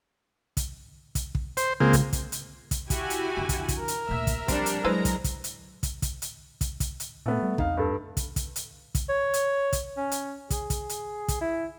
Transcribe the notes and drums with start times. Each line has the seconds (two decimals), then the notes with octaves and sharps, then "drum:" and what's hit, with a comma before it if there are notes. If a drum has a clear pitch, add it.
0.57 drum: kick, hi-hat
1.15 drum: kick, hi-hat
1.35 drum: kick
1.57 C5, drum: hi-hat
1.80 C#2 G#3 A#3 C4
1.93 drum: kick, hi-hat
2.13 drum: kick, hi-hat
2.32 drum: hi-hat
2.71 drum: kick, hi-hat
2.90 E4 F#4 G4 G#5, drum: kick, hi-hat
3.10 drum: hi-hat
3.37 F2 D3
3.49 drum: kick, hi-hat
3.68 drum: kick, hi-hat
3.79 A#4
3.88 drum: hi-hat
4.09 D2 A#2 E5
4.27 drum: kick, hi-hat
4.48 F3 G3 C4 D4, drum: kick, hi-hat
4.66 drum: hi-hat
4.84 F#3 G#3 E4 B4 C5 A#5
5.05 drum: kick, hi-hat
5.24 drum: kick, hi-hat
5.44 drum: hi-hat
5.83 drum: kick, hi-hat
6.02 drum: kick, hi-hat
6.22 drum: hi-hat
6.61 drum: kick, hi-hat
6.80 drum: kick, hi-hat
7.00 drum: hi-hat
7.26 A#2 A3 B3
7.43 G3
7.58 E2 D#4 F5, drum: kick
7.77 G2 A4
8.17 drum: kick, hi-hat
8.36 drum: kick, hi-hat
8.56 drum: hi-hat
8.95 drum: kick, hi-hat
9.09 C#5
9.34 drum: hi-hat
9.73 drum: kick, hi-hat
9.97 C#4
10.11 drum: hi-hat
10.50 G#4, drum: kick, hi-hat
10.70 drum: kick, hi-hat
10.89 drum: hi-hat
11.28 drum: kick, hi-hat
11.41 E4